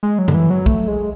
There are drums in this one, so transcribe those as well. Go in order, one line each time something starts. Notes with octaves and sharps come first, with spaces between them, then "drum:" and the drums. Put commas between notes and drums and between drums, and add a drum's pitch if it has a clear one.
G#3
F#3
D3, drum: tom F#2
E3
F#3
A3, drum: kick B1
G#3